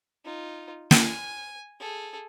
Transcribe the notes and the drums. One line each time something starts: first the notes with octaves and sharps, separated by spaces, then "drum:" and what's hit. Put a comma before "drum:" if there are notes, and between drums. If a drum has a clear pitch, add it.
D#4 F4
G#5, drum: snare
G#4 A4